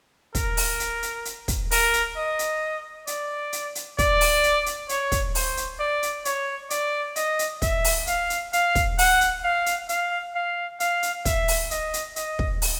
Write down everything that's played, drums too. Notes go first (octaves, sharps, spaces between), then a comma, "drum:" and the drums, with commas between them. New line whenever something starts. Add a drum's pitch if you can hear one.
A#4, drum: kick, hi-hat
drum: open hi-hat
drum: hi-hat
drum: hi-hat
drum: hi-hat
drum: kick, hi-hat
A#4, drum: open hi-hat
drum: hi-hat
D#5
drum: hi-hat
D5, drum: hi-hat
drum: hi-hat
drum: hi-hat
D5, drum: kick, hi-hat
drum: open hi-hat
drum: hi-hat
drum: hi-hat
C#5, drum: hi-hat
drum: kick, hi-hat
C5, drum: open hi-hat
drum: hi-hat
D5
drum: hi-hat
C#5, drum: hi-hat
D5, drum: hi-hat
D#5, drum: hi-hat
drum: hi-hat
E5, drum: kick, hi-hat
drum: open hi-hat
F5, drum: hi-hat
drum: hi-hat
F5, drum: hi-hat
drum: kick, hi-hat
F#5, drum: open hi-hat
drum: hi-hat
F5
drum: hi-hat
F5, drum: hi-hat
F5
F5, drum: hi-hat
drum: hi-hat
E5, drum: kick, hi-hat
drum: open hi-hat
D#5, drum: hi-hat
drum: hi-hat
D#5, drum: hi-hat
drum: kick
drum: open hi-hat